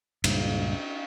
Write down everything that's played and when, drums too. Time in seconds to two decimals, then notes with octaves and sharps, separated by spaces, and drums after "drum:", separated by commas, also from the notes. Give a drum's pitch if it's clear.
0.24 C#2 G2 A#2, drum: cymbal